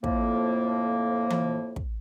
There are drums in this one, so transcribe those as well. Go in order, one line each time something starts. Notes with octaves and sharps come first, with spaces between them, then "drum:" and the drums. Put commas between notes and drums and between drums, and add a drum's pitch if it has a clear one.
F2 A2 F3 A#3, drum: kick
drum: tom E3
drum: kick